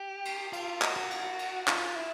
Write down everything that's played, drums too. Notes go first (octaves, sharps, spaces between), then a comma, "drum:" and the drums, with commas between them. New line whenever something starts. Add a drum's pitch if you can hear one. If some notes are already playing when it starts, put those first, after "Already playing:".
Already playing: G4
drum: cymbal
F4, drum: cymbal
F#4, drum: clap
F#4
drum: cymbal
drum: cymbal
F4, drum: clap
E4